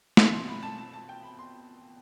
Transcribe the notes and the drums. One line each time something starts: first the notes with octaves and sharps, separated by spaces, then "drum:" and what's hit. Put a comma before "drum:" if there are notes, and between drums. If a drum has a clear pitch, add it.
B2 A3 C4 E4 C6, drum: snare
C6
B5
A5
A5
A5
G5
B5
C6